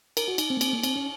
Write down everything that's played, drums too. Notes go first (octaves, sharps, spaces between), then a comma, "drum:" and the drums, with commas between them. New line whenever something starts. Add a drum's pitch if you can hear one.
A#4, drum: cymbal
F#4
D#4, drum: cymbal
C4
A#3
C4, drum: cymbal
A#3
C4, drum: cymbal
C#4